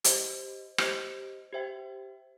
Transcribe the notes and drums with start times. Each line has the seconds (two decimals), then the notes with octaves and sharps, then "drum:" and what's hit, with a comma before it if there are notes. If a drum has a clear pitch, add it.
0.04 G4 C5 D#5, drum: hi-hat
0.78 G4 C5 D#5, drum: rim click
1.53 G4 C5 E5 G5